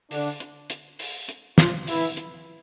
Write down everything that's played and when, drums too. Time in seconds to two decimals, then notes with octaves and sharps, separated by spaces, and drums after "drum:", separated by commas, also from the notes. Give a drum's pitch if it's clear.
0.11 D3 D4, drum: open hi-hat
0.40 drum: hi-hat
0.70 drum: hi-hat
0.99 drum: open hi-hat
1.29 drum: hi-hat
1.58 F3 F4, drum: snare
1.87 E3 E4, drum: open hi-hat
2.17 drum: hi-hat